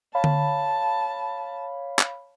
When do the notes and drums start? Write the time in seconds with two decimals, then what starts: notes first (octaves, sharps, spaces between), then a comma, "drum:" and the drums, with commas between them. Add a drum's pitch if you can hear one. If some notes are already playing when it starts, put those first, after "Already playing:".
0.15 C#5 F5 A5 B5
0.24 drum: tom D3
1.99 drum: clap